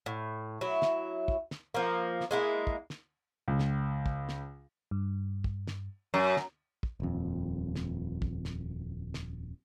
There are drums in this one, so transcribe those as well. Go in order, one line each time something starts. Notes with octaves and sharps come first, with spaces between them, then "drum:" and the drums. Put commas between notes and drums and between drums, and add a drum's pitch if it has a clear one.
A2
F#3 E4
drum: snare
drum: kick
drum: snare
F3 A#3
drum: snare
G#3 A#3 E4
drum: kick
drum: snare
C#2
drum: snare
drum: kick
drum: snare
G2
drum: kick
drum: snare
F#2 A#5
drum: snare
drum: kick
D#1 F2
drum: snare
drum: kick
drum: snare
drum: snare